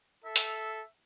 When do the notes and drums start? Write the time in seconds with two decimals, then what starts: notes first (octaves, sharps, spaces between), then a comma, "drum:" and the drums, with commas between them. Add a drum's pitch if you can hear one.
0.25 A4 E5
0.36 drum: hi-hat